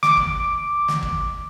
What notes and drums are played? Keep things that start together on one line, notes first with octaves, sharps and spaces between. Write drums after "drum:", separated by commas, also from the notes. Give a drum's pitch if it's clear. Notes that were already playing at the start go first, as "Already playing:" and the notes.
D6, drum: snare
drum: kick
drum: snare
drum: kick